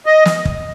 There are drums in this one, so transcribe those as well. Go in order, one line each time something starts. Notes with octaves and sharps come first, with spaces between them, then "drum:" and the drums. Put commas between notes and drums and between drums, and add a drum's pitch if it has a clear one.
D#5
drum: snare
drum: kick